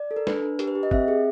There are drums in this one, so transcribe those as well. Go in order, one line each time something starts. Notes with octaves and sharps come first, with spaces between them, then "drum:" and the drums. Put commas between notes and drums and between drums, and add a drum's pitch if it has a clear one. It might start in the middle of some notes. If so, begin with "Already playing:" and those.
Already playing: D5
A4
A#4
D4 B4, drum: snare
D4
G4 A#4, drum: hi-hat
B4
G4
D#5
C4 E5, drum: kick
G#4